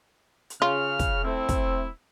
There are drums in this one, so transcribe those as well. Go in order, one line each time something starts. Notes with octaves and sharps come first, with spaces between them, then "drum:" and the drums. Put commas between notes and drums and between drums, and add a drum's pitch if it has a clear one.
drum: hi-hat
C#3 F4 F6
drum: kick, hi-hat
A3 C4 E4
drum: kick, hi-hat